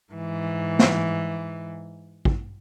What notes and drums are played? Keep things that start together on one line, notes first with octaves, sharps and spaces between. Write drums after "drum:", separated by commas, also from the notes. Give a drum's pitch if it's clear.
G#2 E3
drum: snare
drum: kick A1